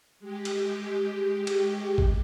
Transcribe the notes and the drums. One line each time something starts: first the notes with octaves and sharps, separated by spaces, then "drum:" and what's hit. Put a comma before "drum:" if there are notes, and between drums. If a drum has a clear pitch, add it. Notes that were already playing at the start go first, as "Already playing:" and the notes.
G#3 G4
drum: cymbal
drum: cymbal
drum: kick G#1